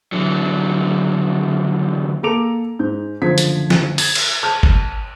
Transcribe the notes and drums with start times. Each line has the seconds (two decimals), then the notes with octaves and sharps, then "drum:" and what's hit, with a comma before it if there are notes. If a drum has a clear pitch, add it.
0.12 E2 A2 D3 E3 F#3
2.23 A#3 A4 A#5 D6 D7 F7
2.79 G#2 G6
3.22 F#1 D3 F3 G#6 B6
3.38 drum: hi-hat
3.70 drum: snare
3.98 G#6, drum: open hi-hat
4.15 drum: cymbal
4.43 A5 F6 G6
4.63 drum: kick G1